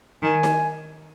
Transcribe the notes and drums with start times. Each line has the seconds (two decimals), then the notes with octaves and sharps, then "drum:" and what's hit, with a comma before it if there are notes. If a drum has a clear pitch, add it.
0.22 D#3 G#5
0.43 drum: snare D#4